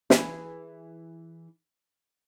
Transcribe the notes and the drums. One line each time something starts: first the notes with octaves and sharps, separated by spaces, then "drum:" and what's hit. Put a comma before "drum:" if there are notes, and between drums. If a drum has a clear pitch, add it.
E3 E4 G#4, drum: snare